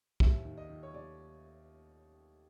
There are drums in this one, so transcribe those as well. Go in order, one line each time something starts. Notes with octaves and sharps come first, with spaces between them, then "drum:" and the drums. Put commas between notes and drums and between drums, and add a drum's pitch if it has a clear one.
D#2 E5, drum: kick
D#3
D#5
D#3
C#5
D#2 D5